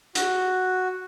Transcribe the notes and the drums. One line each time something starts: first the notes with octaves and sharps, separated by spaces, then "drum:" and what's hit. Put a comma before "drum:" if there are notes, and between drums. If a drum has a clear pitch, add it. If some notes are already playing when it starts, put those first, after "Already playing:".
F#4, drum: hi-hat